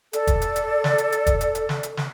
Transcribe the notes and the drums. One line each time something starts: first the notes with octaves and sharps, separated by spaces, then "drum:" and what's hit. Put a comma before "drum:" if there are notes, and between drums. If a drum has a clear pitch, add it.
A4 D5, drum: hi-hat
drum: kick, hi-hat
drum: hi-hat
drum: hi-hat
drum: snare
drum: hi-hat
drum: hi-hat
drum: kick, hi-hat
drum: hi-hat
drum: hi-hat
drum: snare
drum: hi-hat
drum: snare